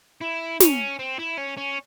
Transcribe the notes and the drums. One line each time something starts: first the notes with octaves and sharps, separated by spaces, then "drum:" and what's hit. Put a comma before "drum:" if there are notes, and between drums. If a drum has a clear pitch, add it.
E4
C#4, drum: snare
C4
E4
C#4
C#4